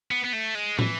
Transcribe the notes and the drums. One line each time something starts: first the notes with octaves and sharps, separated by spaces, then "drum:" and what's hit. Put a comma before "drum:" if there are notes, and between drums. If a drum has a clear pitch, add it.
B3
B3
A3
G#3
E3, drum: tom